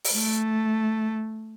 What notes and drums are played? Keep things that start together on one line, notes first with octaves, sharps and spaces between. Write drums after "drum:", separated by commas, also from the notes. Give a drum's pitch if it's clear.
drum: open hi-hat
A3